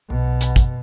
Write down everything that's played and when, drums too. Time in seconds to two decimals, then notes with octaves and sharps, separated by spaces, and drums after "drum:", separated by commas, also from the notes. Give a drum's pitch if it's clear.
0.10 B1 B2
0.41 drum: hi-hat
0.56 drum: kick, hi-hat